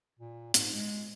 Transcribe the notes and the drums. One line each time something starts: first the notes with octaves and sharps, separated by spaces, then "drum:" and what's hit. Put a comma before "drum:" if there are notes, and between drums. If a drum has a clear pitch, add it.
A#2
G#2, drum: hi-hat
G#3